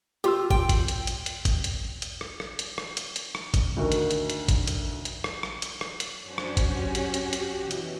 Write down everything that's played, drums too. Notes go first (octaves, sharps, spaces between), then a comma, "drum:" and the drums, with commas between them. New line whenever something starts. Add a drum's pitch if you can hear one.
F4 G4 C6 E6
G5, drum: kick
drum: kick, hi-hat
drum: hi-hat
drum: hi-hat
drum: hi-hat
drum: kick, hi-hat
drum: hi-hat
drum: hi-hat
drum: rim click
drum: rim click
drum: hi-hat
drum: rim click
drum: hi-hat
drum: hi-hat
drum: rim click
drum: kick, hi-hat
D2 D#3 F#4 A#4
drum: hi-hat
drum: hi-hat
drum: hi-hat
drum: kick, hi-hat
drum: hi-hat
drum: hi-hat
drum: rim click
drum: rim click
drum: hi-hat
drum: rim click
drum: hi-hat
F#2 C#4 D4 F#4 C5
drum: rim click
drum: kick, hi-hat
F#4 G4
drum: hi-hat
drum: hi-hat
drum: hi-hat
B2 E3
drum: hi-hat